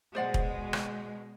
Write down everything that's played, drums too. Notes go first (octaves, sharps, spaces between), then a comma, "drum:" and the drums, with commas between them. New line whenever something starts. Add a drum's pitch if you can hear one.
B2 G#3 C5 D5 F#5
drum: kick E1
drum: rim click